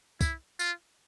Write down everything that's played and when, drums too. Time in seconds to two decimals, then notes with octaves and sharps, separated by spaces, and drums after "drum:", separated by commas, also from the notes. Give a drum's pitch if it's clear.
0.21 E4, drum: kick, tambourine
0.59 F4, drum: tambourine